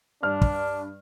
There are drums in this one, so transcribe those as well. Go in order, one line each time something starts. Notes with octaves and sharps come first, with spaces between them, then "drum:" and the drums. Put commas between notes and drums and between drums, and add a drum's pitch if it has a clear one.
G2 D4 F6
drum: kick